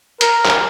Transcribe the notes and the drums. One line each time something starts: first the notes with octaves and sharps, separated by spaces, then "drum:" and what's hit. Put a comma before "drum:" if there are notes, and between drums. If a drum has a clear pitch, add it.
A#4, drum: hi-hat
drum: clap